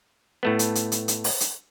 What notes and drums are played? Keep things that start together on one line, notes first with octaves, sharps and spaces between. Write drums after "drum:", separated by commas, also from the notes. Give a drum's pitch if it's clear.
A2 A3 B3
drum: hi-hat
drum: hi-hat
drum: hi-hat
drum: hi-hat
drum: open hi-hat
drum: hi-hat